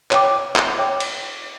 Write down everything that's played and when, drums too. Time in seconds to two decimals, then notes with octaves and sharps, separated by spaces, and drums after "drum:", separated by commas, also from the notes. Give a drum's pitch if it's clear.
0.11 C#5 G5 D6, drum: clap
0.56 drum: clap
0.78 C#5 G5 D6
1.00 drum: cymbal